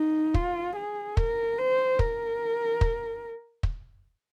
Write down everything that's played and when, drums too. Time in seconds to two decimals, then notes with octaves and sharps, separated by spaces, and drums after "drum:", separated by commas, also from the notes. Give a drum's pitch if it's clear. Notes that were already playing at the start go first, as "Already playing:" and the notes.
Already playing: D#4
0.34 F4, drum: kick
0.76 G#4
1.17 A#4, drum: kick
1.58 C5
1.99 A#4, drum: kick
2.81 drum: kick
3.63 drum: kick